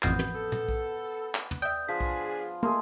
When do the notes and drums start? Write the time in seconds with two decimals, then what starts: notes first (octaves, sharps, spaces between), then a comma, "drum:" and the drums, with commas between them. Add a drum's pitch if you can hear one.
0.02 A1 F2 B3 G6 C7, drum: clap
0.19 drum: tom
0.34 A4
0.52 drum: tom
0.68 drum: kick
1.34 drum: clap
1.51 drum: tom
1.62 D5 E5 G5 D#6 G6
1.88 F3 D4 F4 G#4 B6
2.00 drum: kick
2.63 A3 A#3 G#4 D#5 C6